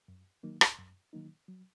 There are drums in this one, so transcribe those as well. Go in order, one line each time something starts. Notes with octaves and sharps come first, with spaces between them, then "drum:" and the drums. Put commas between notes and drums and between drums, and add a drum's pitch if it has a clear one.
F#2
D#3 F#3 A#3 D#4
drum: rim click
F#2
D#3 F#3 A#3 D#4
F#3